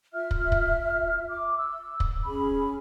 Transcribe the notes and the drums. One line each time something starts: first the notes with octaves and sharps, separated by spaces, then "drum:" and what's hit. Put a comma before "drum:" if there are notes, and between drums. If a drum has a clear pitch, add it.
F4 E5 F6
drum: kick
drum: kick
D6
E6
drum: kick
C#4 G#4 B5